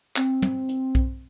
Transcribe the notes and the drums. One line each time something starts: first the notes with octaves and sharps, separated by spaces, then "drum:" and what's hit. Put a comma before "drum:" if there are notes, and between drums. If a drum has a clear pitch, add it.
C4, drum: clap
drum: tom
drum: hi-hat
drum: kick B1, hi-hat